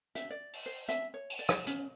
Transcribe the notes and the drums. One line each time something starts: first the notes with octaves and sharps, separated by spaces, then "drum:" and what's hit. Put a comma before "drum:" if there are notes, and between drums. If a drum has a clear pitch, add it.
E5, drum: hi-hat
D5
drum: open hi-hat
C5
E5, drum: hi-hat
C#5
drum: open hi-hat
D5
drum: rim click
C#4, drum: hi-hat